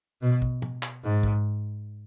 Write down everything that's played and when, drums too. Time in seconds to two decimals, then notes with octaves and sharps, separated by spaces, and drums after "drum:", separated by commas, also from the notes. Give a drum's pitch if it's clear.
0.22 B2
0.42 drum: kick
0.62 drum: tom
0.83 drum: clap
1.03 G#2
1.23 drum: kick